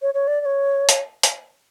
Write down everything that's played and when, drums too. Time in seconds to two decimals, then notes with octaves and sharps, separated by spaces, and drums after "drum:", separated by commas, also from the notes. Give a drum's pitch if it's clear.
0.02 C#5
0.14 C#5
0.28 D5
0.41 D5
0.46 C#5
0.89 drum: hi-hat
1.23 drum: hi-hat